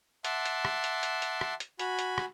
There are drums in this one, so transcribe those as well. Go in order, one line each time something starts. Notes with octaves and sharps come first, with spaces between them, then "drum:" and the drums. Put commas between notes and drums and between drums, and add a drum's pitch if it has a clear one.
E5 F#5 A5 C6 D6, drum: hi-hat
drum: hi-hat
drum: rim click
drum: hi-hat
drum: hi-hat
drum: hi-hat
drum: rim click
drum: hi-hat
F#4 G#5 B5, drum: hi-hat
drum: hi-hat
drum: rim click